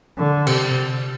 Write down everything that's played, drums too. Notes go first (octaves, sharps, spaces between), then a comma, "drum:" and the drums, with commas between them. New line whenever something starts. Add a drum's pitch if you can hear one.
D3
C3, drum: cymbal